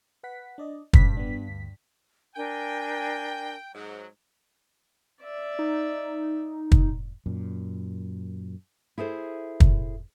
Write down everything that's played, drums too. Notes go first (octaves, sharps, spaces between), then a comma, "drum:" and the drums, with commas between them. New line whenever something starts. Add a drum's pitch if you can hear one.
B4 F#5 B6
D4 D5 D#5
G2 C#4 B6, drum: kick
B3 D4
D2
D4 A#4 G5 G#5
G#2 F#3
D5 E5
D#4
drum: kick
F#2 A#2
E4 G#4 A4 C5
drum: kick